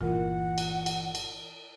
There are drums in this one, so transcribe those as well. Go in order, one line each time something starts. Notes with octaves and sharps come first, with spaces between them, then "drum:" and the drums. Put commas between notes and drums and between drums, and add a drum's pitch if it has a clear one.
G1 A#2 E3 F4 A#4 F#5
drum: cymbal
drum: cymbal
drum: cymbal